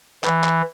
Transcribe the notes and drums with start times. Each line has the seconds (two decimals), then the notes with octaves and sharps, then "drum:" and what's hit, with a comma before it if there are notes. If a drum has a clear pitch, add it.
0.24 E3, drum: clap
0.44 drum: clap